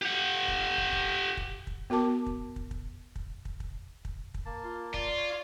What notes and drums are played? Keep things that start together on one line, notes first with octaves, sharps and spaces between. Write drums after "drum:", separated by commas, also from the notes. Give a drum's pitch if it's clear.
G4 F#5
drum: kick
drum: kick
drum: kick
drum: kick
drum: kick
B3 F#4 A#4 A5 D6
drum: kick
drum: kick
drum: kick
drum: kick
drum: kick
drum: kick
drum: kick
drum: kick
A#3 A5
F4
F4 D5, drum: kick
C#5